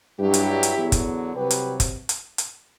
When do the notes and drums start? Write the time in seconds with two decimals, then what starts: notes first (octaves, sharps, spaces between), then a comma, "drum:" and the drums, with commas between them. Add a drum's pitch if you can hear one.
0.18 G2 F#3 E4 G4
0.34 drum: hi-hat
0.63 drum: hi-hat
0.77 E2 D3 F#3
0.92 drum: kick, hi-hat
1.35 C2 C3 F#3 G4 B4
1.51 drum: hi-hat
1.80 drum: kick, hi-hat
2.09 drum: hi-hat
2.38 drum: hi-hat